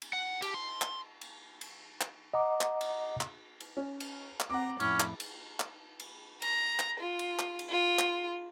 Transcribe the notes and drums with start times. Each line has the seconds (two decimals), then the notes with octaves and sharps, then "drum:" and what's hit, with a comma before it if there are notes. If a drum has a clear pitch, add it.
0.02 drum: cymbal
0.13 F#5
0.42 G4, drum: cymbal
0.54 C6
0.81 drum: clap
1.21 drum: cymbal
1.61 drum: cymbal
2.01 drum: clap
2.34 D#5 F#5 A#5 D6
2.61 drum: clap
2.81 drum: cymbal
3.21 drum: clap
3.60 drum: cymbal
3.77 C#4
4.00 drum: cymbal
4.40 drum: clap
4.50 C4 F#5 A#5 D6
4.80 F2 A2 C#4 E4, drum: cymbal
5.00 drum: clap
5.20 drum: cymbal
5.60 drum: clap
6.00 drum: cymbal
6.42 A#5, drum: cymbal
6.79 drum: clap
7.00 F4
7.19 drum: cymbal
7.39 drum: clap
7.59 drum: cymbal
7.69 F4
7.99 drum: clap